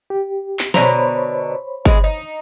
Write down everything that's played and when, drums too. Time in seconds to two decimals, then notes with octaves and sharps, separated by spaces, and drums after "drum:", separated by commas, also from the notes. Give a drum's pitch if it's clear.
0.10 G4
0.59 drum: clap
0.74 B2 D3 C5 C#5 A#5 B5, drum: snare
1.85 E3 G#3 G#4, drum: kick G1
2.04 D#4